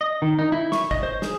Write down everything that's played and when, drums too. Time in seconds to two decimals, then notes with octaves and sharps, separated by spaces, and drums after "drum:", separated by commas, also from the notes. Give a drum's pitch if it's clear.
0.01 D#5
0.22 D#3
0.39 D#4
0.52 E4
0.72 C#6, drum: snare
0.91 D#5, drum: kick
1.03 C5
1.22 G#4, drum: snare